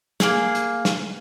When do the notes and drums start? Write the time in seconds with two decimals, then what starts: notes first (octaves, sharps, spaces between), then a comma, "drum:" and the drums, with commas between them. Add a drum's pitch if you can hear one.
0.20 A#3 C4 G#4, drum: snare
0.55 drum: hi-hat
0.85 drum: snare